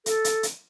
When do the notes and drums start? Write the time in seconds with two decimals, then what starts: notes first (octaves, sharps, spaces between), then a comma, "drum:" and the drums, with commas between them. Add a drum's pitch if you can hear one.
0.06 A4, drum: hi-hat
0.24 drum: hi-hat
0.43 drum: hi-hat